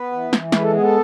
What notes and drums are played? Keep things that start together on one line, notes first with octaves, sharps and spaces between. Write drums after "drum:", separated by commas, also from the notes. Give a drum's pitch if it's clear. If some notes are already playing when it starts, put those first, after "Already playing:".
Already playing: B3 B4
E3
E3, drum: snare
G#3 B4, drum: snare
A4
B3 G#4
A4